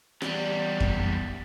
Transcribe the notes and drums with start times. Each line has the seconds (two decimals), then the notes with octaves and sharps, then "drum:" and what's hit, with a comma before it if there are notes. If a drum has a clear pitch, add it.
0.22 E2 G3, drum: rim click
0.80 drum: kick F2